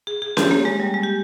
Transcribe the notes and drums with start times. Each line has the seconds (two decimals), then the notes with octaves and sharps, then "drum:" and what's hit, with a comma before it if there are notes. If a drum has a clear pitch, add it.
0.07 G#4
0.22 G#4
0.37 G4, drum: snare C#4
0.51 A#3
0.65 G#3
0.80 G3
0.94 G#3
1.03 G4